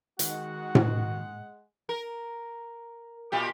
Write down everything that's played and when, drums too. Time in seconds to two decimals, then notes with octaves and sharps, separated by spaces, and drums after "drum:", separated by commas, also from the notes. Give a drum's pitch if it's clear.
0.19 D#3 G#3 F#4 F#5, drum: hi-hat
0.75 drum: tom A2
1.89 A#4
3.32 A#2 F4 G4